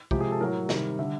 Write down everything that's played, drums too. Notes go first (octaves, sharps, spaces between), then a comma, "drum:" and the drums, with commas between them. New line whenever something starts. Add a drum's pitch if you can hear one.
C3 F3 G#3 G4, drum: kick
G#4
A4
A2 F#3 A#4
C3 D#3 G3, drum: snare
D3 G3 E5